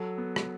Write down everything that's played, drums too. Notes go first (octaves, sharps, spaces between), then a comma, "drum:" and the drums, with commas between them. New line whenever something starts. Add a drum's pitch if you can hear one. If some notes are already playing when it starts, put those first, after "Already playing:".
Already playing: F#3 A4
B3
drum: rim click